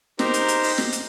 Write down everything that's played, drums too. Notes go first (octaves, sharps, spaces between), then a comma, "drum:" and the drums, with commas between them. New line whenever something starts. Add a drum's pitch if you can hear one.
D#4 G4 A#4 C5, drum: snare
drum: hi-hat
drum: hi-hat
drum: open hi-hat
drum: snare
drum: hi-hat